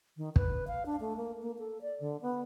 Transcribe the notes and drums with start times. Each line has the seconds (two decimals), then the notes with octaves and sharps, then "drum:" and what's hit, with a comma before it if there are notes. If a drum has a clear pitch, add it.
0.17 D#3
0.36 B4, drum: kick
0.67 F5
0.86 D4
1.00 A3
1.17 A#3
1.42 A#3
1.59 A4
1.81 D5
2.00 D3
2.21 B3